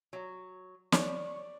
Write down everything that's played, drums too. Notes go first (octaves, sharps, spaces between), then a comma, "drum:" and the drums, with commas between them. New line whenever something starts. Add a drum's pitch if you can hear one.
F#3
C#5 D5, drum: snare